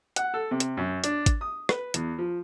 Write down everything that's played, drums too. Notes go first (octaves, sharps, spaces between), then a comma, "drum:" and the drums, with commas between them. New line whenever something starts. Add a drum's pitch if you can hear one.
F#5, drum: hi-hat
A4
C3
drum: hi-hat
F#2
D4, drum: hi-hat
drum: kick G#1, hi-hat
D#6
B4, drum: rim click
E2, drum: hi-hat
F3